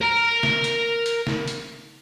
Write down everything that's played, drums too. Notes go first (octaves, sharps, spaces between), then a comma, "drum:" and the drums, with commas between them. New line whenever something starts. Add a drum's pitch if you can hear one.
A#4 A#5
drum: snare
drum: hi-hat
drum: hi-hat
drum: snare
drum: hi-hat